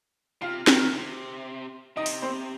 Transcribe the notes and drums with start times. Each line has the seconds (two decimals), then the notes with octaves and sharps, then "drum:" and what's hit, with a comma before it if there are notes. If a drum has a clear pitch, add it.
0.41 C3 F4 F5
0.67 D#3, drum: snare C4
0.93 C3
1.96 C3 D#4 D#5
2.06 drum: open hi-hat
2.22 C4 C5